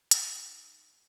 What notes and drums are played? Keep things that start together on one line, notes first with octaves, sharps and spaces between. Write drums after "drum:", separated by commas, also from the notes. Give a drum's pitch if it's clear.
drum: hi-hat
D#4